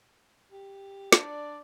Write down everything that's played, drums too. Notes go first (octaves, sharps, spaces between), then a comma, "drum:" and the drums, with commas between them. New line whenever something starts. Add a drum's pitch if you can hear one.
G4
D4 D5, drum: snare